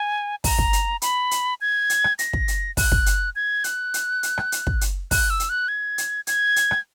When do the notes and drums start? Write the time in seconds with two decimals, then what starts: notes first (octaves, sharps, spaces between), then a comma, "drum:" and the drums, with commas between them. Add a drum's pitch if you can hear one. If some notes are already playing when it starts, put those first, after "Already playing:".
Already playing: G#5
0.44 A#5, drum: kick, open hi-hat
0.58 drum: kick
0.73 drum: hi-hat
1.02 B5, drum: hi-hat
1.31 drum: hi-hat
1.61 G#6
1.90 drum: hi-hat
2.04 drum: rim click
2.19 A#6, drum: hi-hat
2.33 drum: kick
2.48 drum: hi-hat
2.77 F#6, drum: kick, open hi-hat
2.92 drum: kick
3.06 drum: hi-hat
3.35 G#6
3.64 F#6, drum: hi-hat
3.94 drum: hi-hat
4.23 drum: hi-hat
4.38 drum: rim click
4.52 drum: hi-hat
4.67 drum: kick
4.81 drum: hi-hat
5.11 F#6, drum: kick, open hi-hat
5.30 E6
5.40 drum: hi-hat
5.49 F#6
5.68 G#6
5.98 drum: hi-hat
6.27 G#6, drum: hi-hat
6.56 drum: hi-hat
6.71 drum: rim click